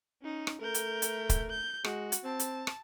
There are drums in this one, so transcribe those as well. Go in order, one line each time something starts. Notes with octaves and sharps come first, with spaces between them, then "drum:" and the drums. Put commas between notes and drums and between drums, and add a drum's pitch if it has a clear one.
C#4 D#4
drum: rim click
A3 A#4 G6
drum: hi-hat
drum: hi-hat
drum: kick, hi-hat
G6
G#3 F#4, drum: rim click
drum: hi-hat
C4 A5
drum: hi-hat
drum: rim click